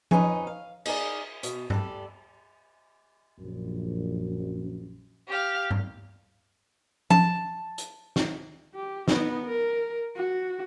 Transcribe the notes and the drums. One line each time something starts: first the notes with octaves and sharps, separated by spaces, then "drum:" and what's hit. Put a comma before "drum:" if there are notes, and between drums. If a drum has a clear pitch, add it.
F2 D#4 B4 C#5 G#5, drum: tom F3
F5
D#4 G#4 A#4 D5, drum: cymbal
B2, drum: hi-hat
G3 A4 D5, drum: tom G2
A#1 F#2
G4 F5
drum: tom G2
A5, drum: tom F3
drum: hi-hat
drum: snare
G4
B3 D#4, drum: snare
A#4
F#4